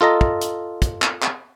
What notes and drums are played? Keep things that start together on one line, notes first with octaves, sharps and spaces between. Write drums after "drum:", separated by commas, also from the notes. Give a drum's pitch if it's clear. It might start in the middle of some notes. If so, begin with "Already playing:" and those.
F4 A4 D#5 A#5
drum: kick
drum: hi-hat
drum: kick, hi-hat
drum: clap
drum: clap